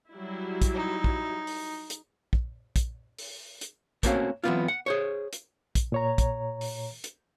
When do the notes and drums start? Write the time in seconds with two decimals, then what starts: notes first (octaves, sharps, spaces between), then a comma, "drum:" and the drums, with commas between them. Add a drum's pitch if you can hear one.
0.11 F#3 G3 E4
0.62 drum: kick, hi-hat
0.75 D#4
1.04 drum: kick
1.47 drum: open hi-hat
1.90 drum: hi-hat
2.33 drum: kick
2.76 drum: kick, hi-hat
3.18 drum: open hi-hat
3.61 drum: hi-hat
4.03 A3 A#3 C4 C#4 F#4 F5, drum: kick, hi-hat
4.44 E3 F#3 A3 B3 C4 F4
4.68 F#5
4.86 G#4 C5 C#5
5.33 drum: hi-hat
5.75 drum: kick, hi-hat
5.92 A#2 C#5 A#5
6.18 drum: kick, hi-hat
6.61 drum: open hi-hat
7.04 drum: hi-hat